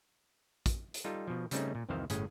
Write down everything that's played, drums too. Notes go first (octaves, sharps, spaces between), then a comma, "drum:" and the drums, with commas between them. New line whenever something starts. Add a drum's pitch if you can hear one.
drum: kick, hi-hat
drum: hi-hat
G3 D#4 F4 A4
B2 F3
C#3 G3 A3 C4 C#4 D#4, drum: hi-hat
A#2
C2 F2 D#3 E3 C5 F5
G1 A2 C#4 G#4, drum: hi-hat